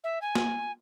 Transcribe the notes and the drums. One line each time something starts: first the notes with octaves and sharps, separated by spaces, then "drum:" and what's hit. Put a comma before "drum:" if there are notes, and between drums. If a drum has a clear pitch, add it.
E5
G#5
drum: snare